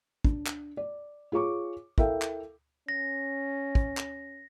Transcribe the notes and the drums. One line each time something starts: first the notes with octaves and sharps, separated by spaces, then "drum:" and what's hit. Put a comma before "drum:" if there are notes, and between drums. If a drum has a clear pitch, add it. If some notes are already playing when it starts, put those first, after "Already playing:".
D4, drum: kick
drum: clap
D5
F4 G#4 C#5 C#6 D6
E4 A4 A#4 E5 F5 G5, drum: kick
drum: clap
C#4 A#6
drum: kick
drum: clap